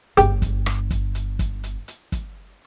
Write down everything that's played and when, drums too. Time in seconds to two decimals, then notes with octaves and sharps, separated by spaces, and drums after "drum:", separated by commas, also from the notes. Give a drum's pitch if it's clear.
0.17 G1 G2 G4, drum: hi-hat
0.42 drum: kick, hi-hat
0.66 drum: rim click
0.91 drum: kick, hi-hat
1.15 drum: hi-hat
1.39 drum: kick, hi-hat
1.64 drum: hi-hat
1.88 drum: hi-hat
2.12 drum: kick, hi-hat